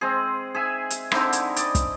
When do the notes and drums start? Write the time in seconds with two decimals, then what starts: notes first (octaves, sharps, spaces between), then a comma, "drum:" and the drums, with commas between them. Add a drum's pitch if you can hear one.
0.01 G#3 C4 G#4
0.55 G#4 E5 G#5
0.90 drum: hi-hat
1.12 D3 C4 D#4 E4, drum: rim click
1.33 drum: hi-hat
1.56 D5 D#5, drum: hi-hat
1.75 drum: kick, hi-hat